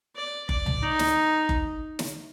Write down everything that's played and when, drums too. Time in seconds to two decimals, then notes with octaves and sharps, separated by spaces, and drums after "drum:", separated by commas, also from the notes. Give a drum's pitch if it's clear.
0.16 D5
0.49 D5, drum: kick F#1
0.66 drum: tom C#2
0.83 D#4
0.99 drum: snare
1.49 drum: kick F#1
1.99 drum: snare